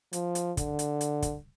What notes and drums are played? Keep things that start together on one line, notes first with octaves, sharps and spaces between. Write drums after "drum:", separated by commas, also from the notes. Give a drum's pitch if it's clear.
F3, drum: hi-hat
drum: hi-hat
D3, drum: kick, hi-hat
drum: hi-hat
drum: hi-hat
drum: kick, hi-hat